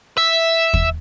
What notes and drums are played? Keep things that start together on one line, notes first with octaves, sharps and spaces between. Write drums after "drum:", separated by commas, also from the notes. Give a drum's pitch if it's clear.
E5
drum: kick